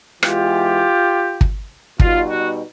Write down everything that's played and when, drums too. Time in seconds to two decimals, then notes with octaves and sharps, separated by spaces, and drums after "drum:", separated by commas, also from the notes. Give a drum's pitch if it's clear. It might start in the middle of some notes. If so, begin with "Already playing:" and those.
0.23 E3 G#3 B3 F4 G4, drum: rim click
1.41 drum: kick
2.00 B2 G3 B3 D#4 F4, drum: kick
2.29 F#4